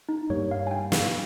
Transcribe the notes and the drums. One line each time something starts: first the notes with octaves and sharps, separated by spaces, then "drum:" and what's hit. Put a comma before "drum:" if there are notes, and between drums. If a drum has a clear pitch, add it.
D#4
G2 G3 A#3 C#5
F5
G#5
G5
F5, drum: snare